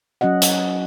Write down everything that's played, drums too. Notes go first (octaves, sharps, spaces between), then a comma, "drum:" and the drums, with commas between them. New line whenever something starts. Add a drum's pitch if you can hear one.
F#3 C#4 F#4 D#5 F#5
drum: hi-hat